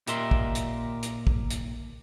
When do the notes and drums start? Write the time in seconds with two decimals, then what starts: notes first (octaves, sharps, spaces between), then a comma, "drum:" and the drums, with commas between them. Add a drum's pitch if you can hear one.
0.08 A#2 G4 A#4 D#5 E5 C6, drum: hi-hat
0.31 drum: kick
0.55 drum: hi-hat
1.03 drum: hi-hat
1.27 drum: kick
1.51 drum: hi-hat